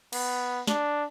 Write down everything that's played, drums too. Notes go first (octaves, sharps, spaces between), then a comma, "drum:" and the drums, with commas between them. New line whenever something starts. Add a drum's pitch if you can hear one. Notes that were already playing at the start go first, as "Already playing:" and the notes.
B3, drum: cymbal
D4, drum: snare